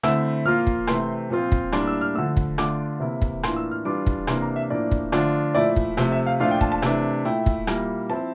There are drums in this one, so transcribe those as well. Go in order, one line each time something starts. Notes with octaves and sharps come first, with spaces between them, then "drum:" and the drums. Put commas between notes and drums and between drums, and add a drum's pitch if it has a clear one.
D3 A3 C4 E4 E6, drum: rim click
A#2 F3 A#3 F4 F6
drum: kick
C3 E3 A3 C4 C6, drum: rim click
A#2 F3 C4 F4
drum: kick
A2 G3 A#3 D4 C6, drum: rim click
E6
F6
D3 F3 A3 E6
drum: kick
D3 A3 D4 F4 D6, drum: rim click
C3 E3 A#3 E4
drum: kick
A2 E3 A#3 D4 F4 C6, drum: rim click
E6
F6
E3 G3 D4 F4 D6
drum: kick
C3 E3 A#3 D4 C6, drum: rim click
A#5
E5
A2 F3 A#3 D4 D5
drum: kick
D3 F3 A3 D4 F4, drum: rim click
A#2 F3 A3 E4 D5
drum: kick
C3 F3 A3 C5, drum: rim click
E5
F5
A#2 F3 A3 D4 F4 F5
G5
A5, drum: kick
A5
C3 E3 A3 D4, drum: rim click
A#2 A3 E4 G5
drum: kick
A#2 G3 A#3 E4, drum: rim click
F3 C4 E4 A5